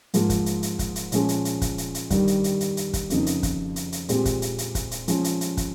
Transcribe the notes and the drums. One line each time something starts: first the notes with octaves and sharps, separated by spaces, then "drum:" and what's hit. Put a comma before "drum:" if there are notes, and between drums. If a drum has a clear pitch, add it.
G#2 F3 A#3 F4 G#4, drum: hi-hat
drum: kick, hi-hat
drum: hi-hat
drum: hi-hat
drum: kick, hi-hat
drum: hi-hat
A#2 F3 G#3 C#4, drum: hi-hat
drum: hi-hat
drum: hi-hat
drum: kick, hi-hat
drum: hi-hat
drum: hi-hat
G2 D#3 G3, drum: kick, hi-hat
drum: hi-hat
drum: hi-hat
drum: hi-hat
drum: hi-hat
drum: kick, hi-hat
F2 C#3 F3 A#3 D#4, drum: hi-hat
drum: hi-hat
drum: kick, hi-hat
drum: hi-hat
drum: hi-hat
A#2 G#3 C4 G4, drum: hi-hat
drum: kick, hi-hat
drum: hi-hat
drum: hi-hat
drum: kick, hi-hat
drum: hi-hat
F3 G#3 C#4, drum: hi-hat
drum: hi-hat
drum: hi-hat
drum: kick, hi-hat